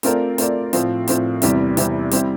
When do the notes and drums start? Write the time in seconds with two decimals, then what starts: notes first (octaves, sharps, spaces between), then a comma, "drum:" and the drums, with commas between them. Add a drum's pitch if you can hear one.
0.03 A3 C4 F4 A#4 D5, drum: hi-hat
0.38 A3 C4 F4 A#4 D5, drum: hi-hat
0.73 A2 F3 C4 F4, drum: hi-hat
1.08 A2 F3 C4 F4, drum: hi-hat
1.42 E2 C3 G3 C4 E4, drum: hi-hat
1.77 E2 C3 G3 C4 E4, drum: hi-hat
2.11 G3 C4 E4, drum: hi-hat